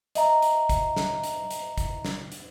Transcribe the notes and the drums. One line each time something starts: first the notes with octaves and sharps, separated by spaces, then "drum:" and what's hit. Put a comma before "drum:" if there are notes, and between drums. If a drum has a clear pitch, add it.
D#5 E5 A#5, drum: hi-hat
drum: hi-hat
drum: kick G#1, hi-hat
drum: snare
drum: hi-hat
drum: hi-hat
drum: kick G#1, hi-hat
drum: snare
drum: hi-hat